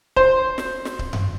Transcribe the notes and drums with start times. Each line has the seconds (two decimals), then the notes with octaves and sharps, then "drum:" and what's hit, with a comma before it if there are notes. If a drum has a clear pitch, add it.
0.16 C5, drum: kick C#1
0.58 drum: snare
0.85 drum: snare
0.99 drum: kick C#1
1.13 drum: tom F#2